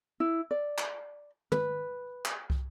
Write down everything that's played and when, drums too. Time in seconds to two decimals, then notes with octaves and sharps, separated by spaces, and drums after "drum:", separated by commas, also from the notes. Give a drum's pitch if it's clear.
0.20 E4
0.51 D5
0.78 drum: clap
1.52 B4, drum: tom
2.25 drum: clap
2.50 drum: kick